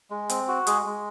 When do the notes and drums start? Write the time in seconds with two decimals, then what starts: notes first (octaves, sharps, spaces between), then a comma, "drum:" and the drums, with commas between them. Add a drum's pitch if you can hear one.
0.10 G#3
0.29 C4, drum: hi-hat
0.48 F#4
0.67 G#3 G#4, drum: hi-hat
0.86 G#3